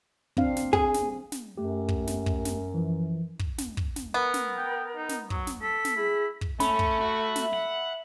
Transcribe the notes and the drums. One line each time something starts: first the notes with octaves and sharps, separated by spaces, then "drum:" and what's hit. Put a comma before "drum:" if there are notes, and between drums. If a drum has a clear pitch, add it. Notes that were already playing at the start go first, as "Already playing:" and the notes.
C4 D4 F5, drum: kick
drum: snare
G#4, drum: kick
drum: snare
drum: snare
F#2 A3 G4
drum: kick
drum: snare
drum: kick
drum: snare
E3 F3
drum: kick
drum: snare
drum: kick
drum: snare
B3 A#4
drum: snare
G5
D#4
drum: snare
F#3, drum: kick
drum: snare
A4 B6
drum: snare
E4 G#4
drum: kick
A3 C#4 B5, drum: snare
drum: kick
F#4 E5
drum: snare
F#5